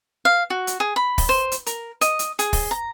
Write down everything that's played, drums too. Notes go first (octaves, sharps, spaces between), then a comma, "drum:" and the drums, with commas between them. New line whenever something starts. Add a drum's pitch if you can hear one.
F5
F#4
drum: hi-hat
G#4
B5
drum: kick, open hi-hat
C5
drum: hi-hat
A#4, drum: hi-hat
D#5, drum: hi-hat
drum: hi-hat
G#4, drum: hi-hat
drum: kick, open hi-hat
A#5